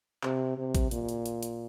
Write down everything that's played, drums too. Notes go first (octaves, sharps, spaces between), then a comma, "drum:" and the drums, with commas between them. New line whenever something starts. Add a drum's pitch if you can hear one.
C3, drum: clap
C3
drum: kick A1, hi-hat
A#2, drum: hi-hat
drum: hi-hat
drum: hi-hat
drum: hi-hat